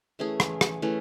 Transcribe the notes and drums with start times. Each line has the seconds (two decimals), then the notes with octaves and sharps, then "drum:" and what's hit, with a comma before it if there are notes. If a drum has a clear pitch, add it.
0.19 E3 A3 C#4 G#4
0.40 drum: rim click
0.61 drum: rim click
0.82 E3 A3 C#4 G#4